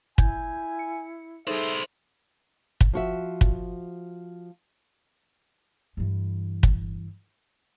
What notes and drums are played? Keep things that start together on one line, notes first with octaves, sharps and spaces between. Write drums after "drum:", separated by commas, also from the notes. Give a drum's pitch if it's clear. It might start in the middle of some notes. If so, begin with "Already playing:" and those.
E4 G#5 G6 G#6, drum: kick
C#7
D#4 E4 G#4 A4 C5 E5
drum: kick
F3 F#4 E5
drum: kick
G2 E3
drum: kick